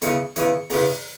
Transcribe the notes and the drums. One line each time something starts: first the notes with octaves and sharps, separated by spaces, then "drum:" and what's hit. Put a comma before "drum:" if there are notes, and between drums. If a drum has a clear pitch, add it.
E2 C#3 E3 C#6, drum: hi-hat
E2 C#3 E3 C#6, drum: hi-hat
E2 C#3 E3 A#5, drum: open hi-hat